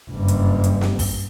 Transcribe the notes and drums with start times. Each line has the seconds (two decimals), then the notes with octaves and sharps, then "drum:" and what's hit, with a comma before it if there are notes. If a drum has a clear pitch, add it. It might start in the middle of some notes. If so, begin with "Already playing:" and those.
0.11 F#1 G2
0.28 drum: hi-hat
0.64 drum: hi-hat
0.81 drum: snare
0.99 drum: kick, open hi-hat